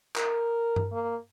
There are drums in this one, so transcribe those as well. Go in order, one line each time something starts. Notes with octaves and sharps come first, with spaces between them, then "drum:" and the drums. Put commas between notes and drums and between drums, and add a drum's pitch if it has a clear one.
A#4, drum: clap
drum: tom G2
A#3